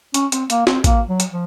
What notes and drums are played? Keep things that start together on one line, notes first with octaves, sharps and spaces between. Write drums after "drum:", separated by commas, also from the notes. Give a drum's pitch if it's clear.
C#4, drum: hi-hat
C4, drum: hi-hat
A#3, drum: hi-hat
C4, drum: snare
A#3, drum: kick A1, hi-hat
F#3
drum: hi-hat
F3